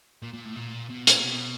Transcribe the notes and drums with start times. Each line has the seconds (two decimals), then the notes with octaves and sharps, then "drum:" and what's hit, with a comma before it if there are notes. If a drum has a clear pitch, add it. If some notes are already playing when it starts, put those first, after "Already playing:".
0.23 A#2
0.34 A#2
0.45 A2
0.56 A#2
0.90 B2
1.07 A#2, drum: hi-hat
1.24 B2